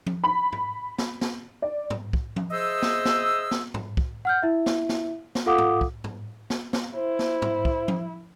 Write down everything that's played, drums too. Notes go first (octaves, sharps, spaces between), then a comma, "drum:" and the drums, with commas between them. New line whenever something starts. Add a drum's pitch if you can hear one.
drum: tom F3
B5
drum: tom G#2
drum: snare
drum: snare
D5
drum: tom G#2
drum: kick
drum: tom F3
G#4 C5 D#5 E5 D#6 E6
drum: snare
drum: snare
drum: snare
drum: tom G#2
drum: kick
F#5 F6 G6
E4 E5
drum: snare
drum: snare
drum: snare
F4 A4 F5 F#5 D6 D#6
drum: tom G#2
drum: kick
drum: tom G#2
drum: snare
drum: snare
E4 C5
drum: snare
drum: tom G#2
drum: kick
drum: tom F3